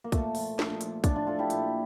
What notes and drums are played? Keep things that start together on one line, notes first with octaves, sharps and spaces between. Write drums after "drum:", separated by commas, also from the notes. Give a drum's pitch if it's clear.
A#3
A#2 A3, drum: kick, hi-hat
F3, drum: open hi-hat
A#2, drum: snare
F3, drum: hi-hat
A2 D4 F4, drum: kick, hi-hat
D4 F4
F3 F4 A4
E4 G4
A#2, drum: hi-hat